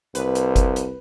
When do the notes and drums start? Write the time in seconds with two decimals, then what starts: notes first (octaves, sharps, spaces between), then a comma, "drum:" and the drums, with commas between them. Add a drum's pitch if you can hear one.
0.15 C2 B4, drum: hi-hat
0.35 drum: hi-hat
0.56 drum: kick G1, hi-hat
0.76 drum: hi-hat